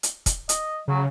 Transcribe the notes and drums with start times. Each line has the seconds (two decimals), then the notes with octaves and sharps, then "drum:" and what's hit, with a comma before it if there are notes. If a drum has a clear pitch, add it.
0.03 drum: hi-hat
0.26 drum: kick, hi-hat
0.49 D#5, drum: hi-hat
0.88 C#3 F#3